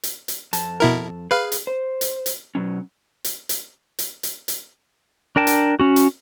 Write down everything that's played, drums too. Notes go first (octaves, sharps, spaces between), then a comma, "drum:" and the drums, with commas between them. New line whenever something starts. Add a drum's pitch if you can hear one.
drum: hi-hat
drum: hi-hat
F2 A5, drum: hi-hat
B2 E4 A#4
G#4 B4 F5
drum: hi-hat
C5
drum: hi-hat
drum: hi-hat
B2 F#3 C#4
drum: hi-hat
drum: hi-hat
drum: hi-hat
drum: hi-hat
drum: hi-hat
D4 A#4 G5 A5
drum: hi-hat
C#4 F#4
drum: hi-hat